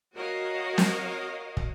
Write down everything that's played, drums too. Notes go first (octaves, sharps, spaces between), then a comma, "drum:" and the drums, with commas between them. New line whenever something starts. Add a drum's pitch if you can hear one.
F#4 A#4 C#5 D#5 F5
drum: snare
drum: kick